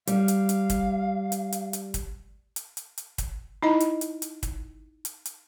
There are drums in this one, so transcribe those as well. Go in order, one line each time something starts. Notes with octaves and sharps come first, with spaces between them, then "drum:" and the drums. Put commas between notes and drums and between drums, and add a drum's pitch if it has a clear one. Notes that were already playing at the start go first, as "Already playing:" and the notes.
G3 F5, drum: hi-hat
drum: hi-hat
drum: hi-hat
drum: kick, hi-hat
drum: hi-hat
drum: hi-hat
drum: hi-hat
drum: kick, hi-hat
drum: hi-hat
drum: hi-hat
drum: hi-hat
drum: kick, hi-hat
D#4 E4 D#5
drum: hi-hat
drum: hi-hat
drum: hi-hat
drum: kick, hi-hat
drum: hi-hat
drum: hi-hat